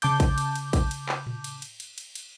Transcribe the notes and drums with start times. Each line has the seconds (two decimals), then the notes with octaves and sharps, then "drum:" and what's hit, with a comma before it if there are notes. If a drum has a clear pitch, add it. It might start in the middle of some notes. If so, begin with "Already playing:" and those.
0.02 C#3 A5 D6 G6, drum: cymbal
0.20 drum: kick, cymbal
0.38 drum: cymbal
0.55 drum: cymbal
0.73 drum: kick, cymbal
0.91 drum: cymbal
1.09 drum: clap
1.27 drum: tom A2
1.44 drum: cymbal
1.62 drum: cymbal
1.80 drum: cymbal
1.98 drum: cymbal
2.15 drum: cymbal